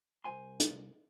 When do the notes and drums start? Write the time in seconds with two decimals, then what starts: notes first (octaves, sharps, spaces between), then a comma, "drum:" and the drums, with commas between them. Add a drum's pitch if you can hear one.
0.24 C2 F#2 C5 G#5 C6
0.60 drum: hi-hat